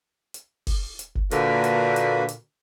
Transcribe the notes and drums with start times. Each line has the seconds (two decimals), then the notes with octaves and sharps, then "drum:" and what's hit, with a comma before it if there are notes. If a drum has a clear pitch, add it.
0.34 drum: hi-hat
0.67 drum: kick F#1, open hi-hat
0.99 drum: hi-hat
1.15 drum: kick F#1
1.32 A#2 D3 A#3 F#4 B4, drum: hi-hat
1.64 drum: hi-hat
1.96 drum: hi-hat
2.29 drum: hi-hat